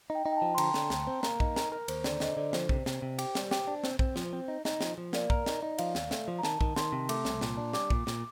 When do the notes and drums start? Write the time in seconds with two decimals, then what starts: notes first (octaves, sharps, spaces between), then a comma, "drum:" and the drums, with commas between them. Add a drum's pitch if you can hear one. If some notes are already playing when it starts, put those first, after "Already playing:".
0.10 D#4
0.15 G5
0.26 D#4
0.32 G5
0.36 A5
0.42 F3
0.55 C6
0.58 D3 A#5, drum: cymbal
0.74 D3, drum: snare
0.90 D2, drum: snare
1.07 C4
1.23 A#3 A#5, drum: snare
1.40 D#4, drum: kick
1.56 A#4, drum: snare
1.72 A#4
1.88 D#2 C5, drum: cymbal
2.04 D3 D5, drum: snare
2.20 D3 D#5, drum: snare
2.37 D3 D5
2.53 F3 C5, drum: snare
2.69 C3, drum: kick
2.86 C3, drum: snare
3.02 C3
3.19 G4, drum: cymbal
3.35 G3, drum: snare
3.51 G4, drum: snare
3.67 D4
3.84 C4, drum: snare
3.99 C4, drum: kick
4.16 F3, drum: snare
4.33 C4
4.48 D#4
4.65 D#4, drum: snare
4.81 F3, drum: snare
4.98 F3
5.13 A#3 D5, drum: snare
5.30 A#4, drum: kick
5.46 D#4, drum: snare
5.63 D#4
5.78 F3 F5, drum: cymbal
5.95 D#2, drum: snare
6.11 A3, drum: snare
6.28 F3
6.39 A#5
6.43 D#3 A5, drum: snare
6.61 D#3, drum: kick
6.76 D#3 C6, drum: snare
6.93 C3
7.09 A3 D6, drum: cymbal
7.25 C2, drum: snare
7.41 A#2, drum: snare
7.57 D4
7.73 G3 D6, drum: snare
7.90 A#2, drum: kick
8.07 A#2, drum: snare